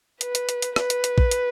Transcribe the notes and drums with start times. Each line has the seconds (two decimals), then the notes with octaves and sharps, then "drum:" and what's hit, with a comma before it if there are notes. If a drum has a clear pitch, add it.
0.21 B4, drum: hi-hat
0.35 drum: hi-hat
0.49 drum: hi-hat
0.62 drum: hi-hat
0.76 B4, drum: rim click
0.90 drum: hi-hat
1.04 drum: hi-hat
1.18 drum: kick
1.31 drum: hi-hat